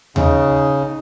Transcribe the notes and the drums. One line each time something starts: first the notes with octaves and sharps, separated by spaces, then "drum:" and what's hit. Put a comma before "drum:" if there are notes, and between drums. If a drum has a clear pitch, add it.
C#3 D#4, drum: tom D#2